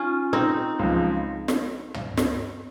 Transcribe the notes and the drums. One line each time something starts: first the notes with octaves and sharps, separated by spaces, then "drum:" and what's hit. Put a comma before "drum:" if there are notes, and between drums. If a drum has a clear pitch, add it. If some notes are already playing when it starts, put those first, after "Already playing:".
Already playing: C#4 D#4 F4
C4 D#4
C#2 C#3 F3 G#3
drum: snare
drum: tom
drum: snare